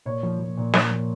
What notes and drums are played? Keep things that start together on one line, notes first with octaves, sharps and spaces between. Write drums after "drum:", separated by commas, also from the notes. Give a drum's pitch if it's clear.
A#2 C#5
F3
F3
A#2
A#2, drum: snare
F3